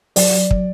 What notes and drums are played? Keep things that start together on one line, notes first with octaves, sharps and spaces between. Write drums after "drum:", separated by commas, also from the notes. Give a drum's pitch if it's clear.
F#3 D5, drum: open hi-hat
drum: kick